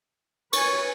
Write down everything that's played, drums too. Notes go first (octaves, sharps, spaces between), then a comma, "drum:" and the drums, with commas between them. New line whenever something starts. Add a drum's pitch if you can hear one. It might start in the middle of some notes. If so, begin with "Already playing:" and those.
B4 C#5 G#5 C#6, drum: cymbal